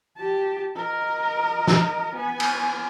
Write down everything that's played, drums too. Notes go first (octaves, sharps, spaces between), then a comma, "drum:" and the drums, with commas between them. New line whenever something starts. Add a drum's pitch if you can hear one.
G4 A5
A#4 D#5
drum: snare
B3 G#5
drum: cymbal